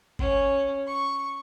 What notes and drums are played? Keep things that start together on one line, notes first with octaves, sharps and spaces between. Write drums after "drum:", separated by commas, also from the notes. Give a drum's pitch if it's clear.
C#4, drum: kick G1
C#6